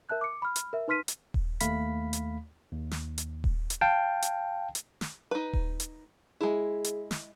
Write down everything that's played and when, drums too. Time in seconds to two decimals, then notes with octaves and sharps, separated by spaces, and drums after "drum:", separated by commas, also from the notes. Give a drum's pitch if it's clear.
0.09 A#4 E5 A5 F#6 G6
0.21 D6 C#7
0.42 B5 F6
0.56 drum: hi-hat
0.73 A#4 E5
0.88 D#4 B4 C6 F6 B6 D#7
1.08 drum: hi-hat
1.34 drum: kick D#1
1.60 D#2 A3 F5 B5 B6, drum: hi-hat
2.13 drum: hi-hat
2.72 D#2
2.91 drum: snare
3.18 drum: hi-hat
3.44 drum: kick D#1
3.70 drum: hi-hat
3.81 F5 G5 A5
4.22 drum: hi-hat
4.75 drum: hi-hat
5.01 drum: snare
5.31 D#4 B4
5.53 drum: kick D#1
5.80 drum: hi-hat
6.41 G#3 E4 G#4
6.84 drum: hi-hat
7.11 drum: snare